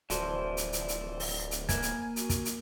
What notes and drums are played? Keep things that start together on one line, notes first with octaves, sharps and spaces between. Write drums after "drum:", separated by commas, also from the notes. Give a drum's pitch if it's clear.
D1 E3 F3 F#4 A4 C5 D5, drum: hi-hat
drum: hi-hat
drum: hi-hat
drum: hi-hat
drum: open hi-hat
drum: hi-hat
A#3 B4 E5 G#5, drum: kick, hi-hat
drum: hi-hat
F#4, drum: hi-hat
drum: kick, hi-hat
drum: hi-hat